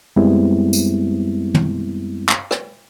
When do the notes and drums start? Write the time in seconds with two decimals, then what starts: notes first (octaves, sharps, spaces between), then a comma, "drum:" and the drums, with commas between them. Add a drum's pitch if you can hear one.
0.16 F#2 G3 G#3 B3 C4 E4
0.73 drum: tambourine
1.54 drum: tom
2.29 drum: clap
2.51 drum: rim click